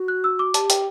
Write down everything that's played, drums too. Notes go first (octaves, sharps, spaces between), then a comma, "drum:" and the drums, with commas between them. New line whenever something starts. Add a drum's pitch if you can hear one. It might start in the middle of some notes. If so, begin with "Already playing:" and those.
Already playing: F#4
F#6
E6
D6
G4 A5, drum: hi-hat
G5, drum: hi-hat